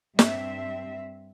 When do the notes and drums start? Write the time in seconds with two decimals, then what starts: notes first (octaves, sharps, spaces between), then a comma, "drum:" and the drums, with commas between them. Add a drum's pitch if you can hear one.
0.19 G2 C4 E5, drum: snare